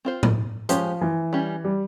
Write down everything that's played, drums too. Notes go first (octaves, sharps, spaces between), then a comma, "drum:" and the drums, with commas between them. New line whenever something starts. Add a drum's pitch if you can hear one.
C4 F4 C5
drum: tom A2
F3 G#3 C#4 G4 C5, drum: hi-hat
E3
G3 C#4 G4
G3